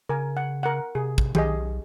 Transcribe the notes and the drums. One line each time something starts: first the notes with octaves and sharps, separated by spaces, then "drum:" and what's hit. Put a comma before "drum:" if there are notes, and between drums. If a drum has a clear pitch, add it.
C#3 A#4 G#5
F#5
A#4 F#5
C3 G#4
drum: kick
B1 G4 G#4 D#5, drum: tom D#3